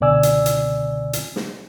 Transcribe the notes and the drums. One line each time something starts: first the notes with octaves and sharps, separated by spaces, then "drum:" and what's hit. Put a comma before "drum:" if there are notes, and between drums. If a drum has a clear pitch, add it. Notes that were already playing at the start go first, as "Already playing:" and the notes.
C#2 B2 D3 D5 G#5 E6
drum: hi-hat
drum: hi-hat
drum: hi-hat
drum: snare